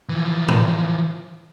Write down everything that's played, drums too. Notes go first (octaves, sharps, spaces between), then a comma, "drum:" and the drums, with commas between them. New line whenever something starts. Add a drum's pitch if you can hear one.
E3 F3
drum: tom A2